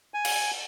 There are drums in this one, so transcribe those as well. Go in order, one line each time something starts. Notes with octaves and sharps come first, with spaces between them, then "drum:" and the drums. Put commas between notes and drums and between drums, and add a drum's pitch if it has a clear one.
G#5
drum: cymbal